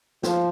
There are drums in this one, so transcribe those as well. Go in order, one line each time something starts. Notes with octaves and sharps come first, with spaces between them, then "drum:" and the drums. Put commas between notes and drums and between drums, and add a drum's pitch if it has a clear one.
F3, drum: snare